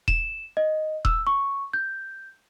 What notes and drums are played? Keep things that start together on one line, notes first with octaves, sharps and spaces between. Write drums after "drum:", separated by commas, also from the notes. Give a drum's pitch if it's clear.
E7, drum: kick D#1
D#5
E6, drum: kick D#1
C#6
G6